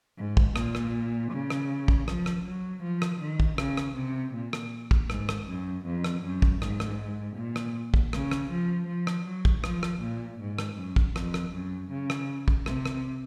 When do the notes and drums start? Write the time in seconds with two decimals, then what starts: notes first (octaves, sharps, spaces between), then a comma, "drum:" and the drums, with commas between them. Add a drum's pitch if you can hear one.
0.17 G#2
0.37 drum: kick
0.56 A#2, drum: rim click
0.75 drum: rim click
1.32 C#3
1.50 drum: rim click
1.88 drum: kick
2.08 F3, drum: rim click
2.26 drum: rim click
2.45 F#3
2.83 F3
3.02 drum: rim click
3.21 D#3
3.40 drum: kick
3.58 C#3, drum: rim click
3.77 drum: rim click
3.96 C3
4.34 A#2
4.53 drum: rim click
4.91 drum: kick
5.10 G#2, drum: rim click
5.29 drum: rim click
5.48 F#2
5.86 F2
6.04 drum: rim click
6.23 F#2
6.42 drum: kick
6.62 G#2, drum: rim click
6.80 drum: rim click
7.37 A#2
7.56 drum: rim click
7.94 drum: kick
8.13 C#3, drum: rim click
8.31 drum: rim click
8.51 F3
8.88 F3
9.07 drum: rim click
9.26 F#3
9.45 drum: kick
9.64 F3, drum: rim click
9.83 drum: rim click
10.01 A#2
10.40 G#2
10.58 drum: rim click
10.78 F#2
10.96 drum: kick
11.16 F2, drum: rim click
11.34 drum: rim click
11.53 F#2
11.91 C#3
12.10 drum: rim click
12.48 drum: kick
12.66 C3, drum: rim click
12.86 drum: rim click